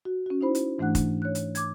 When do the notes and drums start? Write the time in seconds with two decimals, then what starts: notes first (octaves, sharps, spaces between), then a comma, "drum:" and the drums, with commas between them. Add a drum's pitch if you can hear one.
0.05 F#4
0.26 C#4 F#4
0.41 D#4 E4 C5 B5
0.55 drum: hi-hat
0.79 G#2 E3 A3 D4 F#5 F#6
0.95 drum: kick F1, hi-hat
1.22 C#5 F#6
1.35 drum: hi-hat
1.55 D6 G#6, drum: hi-hat